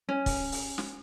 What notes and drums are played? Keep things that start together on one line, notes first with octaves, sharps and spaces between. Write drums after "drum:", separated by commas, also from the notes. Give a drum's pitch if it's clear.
C#4
drum: kick, open hi-hat
drum: open hi-hat
drum: snare